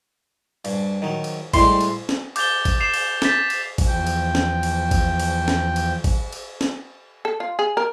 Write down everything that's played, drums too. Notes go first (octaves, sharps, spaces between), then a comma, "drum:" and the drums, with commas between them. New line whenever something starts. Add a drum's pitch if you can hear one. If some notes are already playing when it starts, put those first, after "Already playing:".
G2, drum: cymbal
D#3 F#3
drum: cymbal
A2 G3 G#3 C6, drum: kick G#1, cymbal
drum: cymbal
drum: snare
D6 G6 A6 F7 G7, drum: cymbal
drum: kick G#1, cymbal
D6 C7 E7 F7
drum: cymbal
D6 G6 A6 B6, drum: snare
drum: cymbal
drum: kick G#1, cymbal
E2 F3 G5
drum: cymbal
drum: snare
drum: cymbal
drum: kick G#1, cymbal
drum: cymbal
drum: snare
drum: cymbal
drum: kick G#1, cymbal
drum: cymbal
drum: snare
A4
F4
G#4
A#4